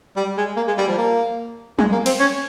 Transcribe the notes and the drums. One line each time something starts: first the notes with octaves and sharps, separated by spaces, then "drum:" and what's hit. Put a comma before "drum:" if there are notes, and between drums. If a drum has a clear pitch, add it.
G3
G#3
A#3
G#3
G3
F3
A#3
G#3, drum: tom
A#3
C4, drum: cymbal
C#4